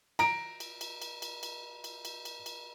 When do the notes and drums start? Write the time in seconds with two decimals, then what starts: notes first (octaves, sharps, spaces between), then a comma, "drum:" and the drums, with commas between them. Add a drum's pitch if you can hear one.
0.19 A#5 D7, drum: cymbal
0.60 drum: cymbal
0.81 drum: cymbal
1.02 drum: cymbal
1.22 drum: cymbal
1.43 drum: cymbal
1.84 drum: cymbal
2.05 drum: cymbal
2.25 drum: cymbal
2.46 drum: cymbal